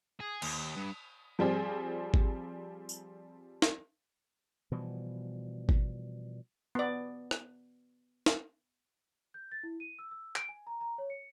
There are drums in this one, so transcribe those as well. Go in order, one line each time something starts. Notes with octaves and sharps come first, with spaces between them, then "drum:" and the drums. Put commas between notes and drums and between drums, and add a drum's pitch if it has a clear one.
G#4
D#2, drum: cymbal
G2
F3 G3 C4 G#4
drum: kick G#1
drum: tambourine
drum: snare
B2 E3 F3 G3
drum: kick G#1
B3 D5
drum: rim click
drum: snare
G6
A6
E4
D#7
E6
E6
D7, drum: clap
G#5
A#5
A#5
C#5
C#7